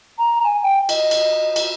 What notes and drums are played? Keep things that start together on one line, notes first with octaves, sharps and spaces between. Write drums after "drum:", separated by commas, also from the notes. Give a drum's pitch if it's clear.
A#5
G#5
G5
D#5, drum: cymbal
drum: cymbal
drum: cymbal